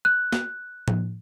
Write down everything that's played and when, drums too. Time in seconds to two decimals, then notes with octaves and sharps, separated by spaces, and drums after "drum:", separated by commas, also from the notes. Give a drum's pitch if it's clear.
0.05 F#6
0.33 drum: snare
0.88 drum: tom A2